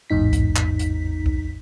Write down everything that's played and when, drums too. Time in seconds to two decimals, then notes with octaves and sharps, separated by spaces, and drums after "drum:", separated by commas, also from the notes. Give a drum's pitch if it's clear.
0.10 A1 E2 G#2 D#4 B6
0.33 drum: kick C2, hi-hat
0.56 drum: clap
0.79 drum: hi-hat
1.26 drum: kick C2